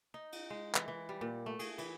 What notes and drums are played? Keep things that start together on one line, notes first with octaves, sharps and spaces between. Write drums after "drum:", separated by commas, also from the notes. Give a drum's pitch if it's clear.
D#4
drum: cymbal
G#3
E3, drum: clap
E3
G3
A#2
A3
G#4, drum: cymbal
E3, drum: cymbal